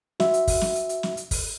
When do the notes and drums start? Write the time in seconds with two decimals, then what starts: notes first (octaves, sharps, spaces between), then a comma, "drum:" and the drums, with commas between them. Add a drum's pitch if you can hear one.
0.20 F#4 E5, drum: snare
0.34 drum: hi-hat
0.47 drum: kick, open hi-hat
0.61 drum: snare
0.75 drum: hi-hat
0.89 drum: hi-hat
1.03 drum: snare
1.17 drum: hi-hat
1.31 drum: kick, open hi-hat